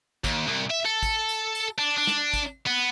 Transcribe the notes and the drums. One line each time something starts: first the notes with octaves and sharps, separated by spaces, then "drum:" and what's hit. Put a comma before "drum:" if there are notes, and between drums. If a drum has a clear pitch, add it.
D#2, drum: kick, tambourine
C2
E5
A4
drum: kick, tambourine
drum: tambourine
drum: tambourine
D4
D4
drum: snare
drum: kick, tambourine
B3